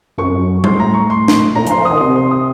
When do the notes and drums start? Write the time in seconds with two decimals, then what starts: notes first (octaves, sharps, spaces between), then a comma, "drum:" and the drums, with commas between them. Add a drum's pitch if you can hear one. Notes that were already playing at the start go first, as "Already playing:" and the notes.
0.18 F#2 C#6
0.64 A2 C6, drum: tom G3
0.80 A#5
0.94 C#6
1.10 C6
1.28 drum: snare
1.55 A#2 A#5
1.67 F3, drum: hi-hat
1.71 C6
1.78 F3
1.85 D#3 D#6
2.01 C3 C6
2.16 C6
2.31 D#6